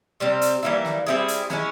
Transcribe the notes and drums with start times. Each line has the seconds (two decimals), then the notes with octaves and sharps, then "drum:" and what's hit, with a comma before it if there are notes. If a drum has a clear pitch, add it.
0.20 C3 G3 C4
0.41 drum: hi-hat
0.63 E3 G3 A#3 E4
0.85 drum: snare
1.07 G3 C4 E4 G#4
1.28 drum: hi-hat
1.50 G#3 C#4 E4, drum: snare